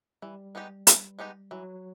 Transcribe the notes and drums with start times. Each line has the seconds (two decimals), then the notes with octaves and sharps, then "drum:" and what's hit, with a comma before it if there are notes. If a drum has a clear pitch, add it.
0.22 E3 G3
0.55 G#3 B3 D#4 G4
0.87 E3, drum: hi-hat
1.19 G#3 B3 D#4 G4
1.51 E3 F#3